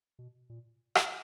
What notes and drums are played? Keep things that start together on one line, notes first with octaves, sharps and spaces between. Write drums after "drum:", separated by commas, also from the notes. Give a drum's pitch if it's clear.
B2
A#2
drum: rim click